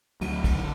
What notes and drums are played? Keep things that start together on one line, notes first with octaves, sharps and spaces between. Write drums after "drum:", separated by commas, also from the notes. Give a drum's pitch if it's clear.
D2 F#3, drum: cymbal
drum: kick, cymbal
D3